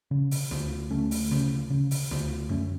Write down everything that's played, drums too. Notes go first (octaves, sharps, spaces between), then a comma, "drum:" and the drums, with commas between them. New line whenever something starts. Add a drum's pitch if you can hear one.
C#3
drum: open hi-hat
D2, drum: snare
D2 A3 C#4
drum: open hi-hat
C#3, drum: snare
C#3
drum: open hi-hat
D2, drum: snare
F#2 A3 C#4